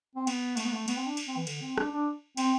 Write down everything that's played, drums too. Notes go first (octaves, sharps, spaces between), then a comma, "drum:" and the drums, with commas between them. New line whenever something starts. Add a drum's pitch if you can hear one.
C4
B3, drum: cymbal
A3, drum: cymbal
B3
A3
B3, drum: cymbal
C4
D4
drum: cymbal
C4
E3
D3, drum: cymbal
C4
D4, drum: rim click
D4
C4, drum: cymbal